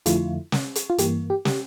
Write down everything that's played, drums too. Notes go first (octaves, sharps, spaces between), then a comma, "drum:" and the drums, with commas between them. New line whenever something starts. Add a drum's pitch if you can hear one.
F2 D3 F3 A3 E4 F4, drum: hi-hat
drum: snare
drum: hi-hat
F4
G2 E3 A#3 G4, drum: hi-hat
G4
G4, drum: snare